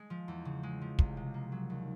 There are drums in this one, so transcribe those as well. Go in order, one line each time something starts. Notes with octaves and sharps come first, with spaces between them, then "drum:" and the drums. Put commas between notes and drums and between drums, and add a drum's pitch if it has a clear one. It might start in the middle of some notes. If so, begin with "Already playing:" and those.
Already playing: G#3
F3
E2
C#3
G#3
F3
C2, drum: kick
C3
A#3
F#3
D#2